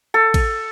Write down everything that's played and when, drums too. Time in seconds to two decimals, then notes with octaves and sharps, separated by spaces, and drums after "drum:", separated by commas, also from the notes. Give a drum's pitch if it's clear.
0.14 A4
0.34 drum: kick, cymbal